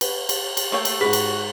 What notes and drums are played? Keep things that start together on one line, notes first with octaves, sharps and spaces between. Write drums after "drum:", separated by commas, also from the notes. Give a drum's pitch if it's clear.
B4, drum: cymbal
drum: cymbal
drum: cymbal
A3 A#3 C#5 G5
drum: cymbal
G#2 F#4 G#4 B4 B6
drum: cymbal